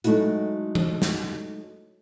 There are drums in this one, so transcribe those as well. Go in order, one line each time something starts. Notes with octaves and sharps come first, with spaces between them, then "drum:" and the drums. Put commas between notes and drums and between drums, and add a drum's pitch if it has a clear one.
F#3 G#3 A3 D#4 E4 F#4, drum: hi-hat
drum: tom E3
drum: snare